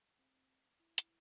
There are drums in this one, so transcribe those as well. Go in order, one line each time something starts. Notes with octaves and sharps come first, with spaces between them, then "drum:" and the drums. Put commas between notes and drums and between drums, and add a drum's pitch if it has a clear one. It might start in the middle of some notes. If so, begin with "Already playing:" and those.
C4
E4
drum: hi-hat